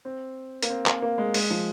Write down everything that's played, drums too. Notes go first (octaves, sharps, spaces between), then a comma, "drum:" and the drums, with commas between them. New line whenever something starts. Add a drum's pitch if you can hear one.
C4
A#3, drum: hi-hat
C4
A#3, drum: clap
A#3
G#3
G#3, drum: open hi-hat
F3